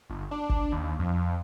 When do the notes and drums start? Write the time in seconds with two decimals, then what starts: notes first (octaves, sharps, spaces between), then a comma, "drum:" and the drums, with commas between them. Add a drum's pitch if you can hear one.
0.10 G1
0.31 D4
0.49 drum: kick F#1
0.72 D#2
0.99 F2